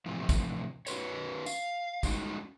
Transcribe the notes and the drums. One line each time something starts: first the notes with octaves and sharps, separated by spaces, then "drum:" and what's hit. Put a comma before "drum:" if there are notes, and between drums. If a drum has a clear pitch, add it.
A2 C3 E3 F3
drum: kick, tambourine
C#4 F#4 G#4 B4 C#5, drum: tambourine
F5, drum: tambourine
G3 G#3 C#4 D#4 F#4, drum: kick, tambourine